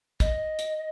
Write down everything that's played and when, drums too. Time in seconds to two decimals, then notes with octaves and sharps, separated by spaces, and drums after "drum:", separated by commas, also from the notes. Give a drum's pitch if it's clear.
0.20 D#5, drum: kick, hi-hat
0.59 drum: hi-hat